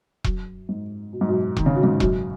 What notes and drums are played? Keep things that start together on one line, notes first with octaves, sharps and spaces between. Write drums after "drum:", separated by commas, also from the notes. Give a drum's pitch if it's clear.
F#2, drum: kick E1
G#2
B2
G#2
F#2 B2
D#3, drum: kick E1
C#3
B2
G#2 C#3
F#2 B2, drum: kick E1